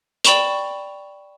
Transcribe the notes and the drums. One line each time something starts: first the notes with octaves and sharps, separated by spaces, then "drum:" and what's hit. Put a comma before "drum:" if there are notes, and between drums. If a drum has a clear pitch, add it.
D5 G5 B5 C#6 E7 F7, drum: hi-hat